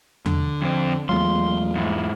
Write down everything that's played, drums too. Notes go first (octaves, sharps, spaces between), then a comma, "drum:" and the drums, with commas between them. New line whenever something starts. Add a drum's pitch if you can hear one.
D3, drum: tom E2
F2 C4
E2 F#3 G#3 A3 F4 F5 C6
G#2 E4